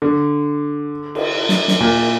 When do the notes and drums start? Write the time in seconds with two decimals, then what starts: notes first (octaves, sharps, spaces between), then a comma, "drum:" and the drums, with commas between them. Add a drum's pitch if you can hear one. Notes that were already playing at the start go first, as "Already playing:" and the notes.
0.02 D3
1.15 drum: cymbal
1.49 drum: snare
1.68 drum: snare
1.80 A#2